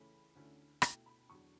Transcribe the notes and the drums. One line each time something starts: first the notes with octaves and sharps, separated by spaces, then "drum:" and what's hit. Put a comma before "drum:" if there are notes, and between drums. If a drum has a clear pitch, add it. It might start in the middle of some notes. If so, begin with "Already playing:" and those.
Already playing: C#2 C#3 E3 A3 C#4 B5
D2 D3 A3 C#4 E4
B2 A3 E4 G5, drum: rim click
B5
E2 D3 F#3 C#6